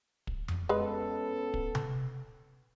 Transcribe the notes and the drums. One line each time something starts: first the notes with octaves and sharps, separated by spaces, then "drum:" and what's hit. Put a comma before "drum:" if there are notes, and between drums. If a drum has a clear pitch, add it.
drum: kick
drum: tom F2
G#3 B3 C#4 A4 B4
drum: kick
drum: tom C3